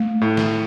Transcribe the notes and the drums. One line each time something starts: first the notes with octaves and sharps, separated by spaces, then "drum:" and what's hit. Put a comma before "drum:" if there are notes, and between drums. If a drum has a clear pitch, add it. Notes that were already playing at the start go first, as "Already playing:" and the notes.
Already playing: A3
A2 E4
drum: snare